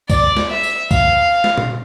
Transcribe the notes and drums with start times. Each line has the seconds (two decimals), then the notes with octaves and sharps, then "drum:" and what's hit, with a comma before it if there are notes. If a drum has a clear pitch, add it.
0.10 D5, drum: kick, tambourine
0.37 drum: snare
0.50 E5
0.63 drum: tambourine
0.91 F5, drum: kick, tambourine
1.44 drum: snare
1.58 drum: tom